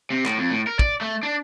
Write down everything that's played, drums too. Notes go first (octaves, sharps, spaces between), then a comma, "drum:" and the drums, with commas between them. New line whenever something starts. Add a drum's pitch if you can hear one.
C3
A2, drum: clap
F2
A2
A#4
D5, drum: kick
A3
D4